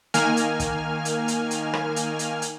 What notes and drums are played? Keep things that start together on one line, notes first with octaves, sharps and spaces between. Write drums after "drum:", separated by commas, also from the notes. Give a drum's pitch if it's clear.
D#3 A#3 G#5 F6, drum: hi-hat
drum: hi-hat
drum: kick, hi-hat
drum: hi-hat
drum: hi-hat
drum: hi-hat
drum: rim click
drum: hi-hat
drum: hi-hat
drum: hi-hat